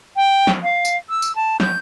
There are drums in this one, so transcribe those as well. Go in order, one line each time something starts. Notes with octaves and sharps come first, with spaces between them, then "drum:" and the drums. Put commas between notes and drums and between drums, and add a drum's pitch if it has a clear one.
G5
drum: snare
F5
drum: tambourine
E6
drum: tambourine
A5
G6, drum: snare